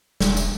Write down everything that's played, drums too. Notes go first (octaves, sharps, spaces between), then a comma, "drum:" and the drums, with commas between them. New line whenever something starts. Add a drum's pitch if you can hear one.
E1, drum: snare
drum: tambourine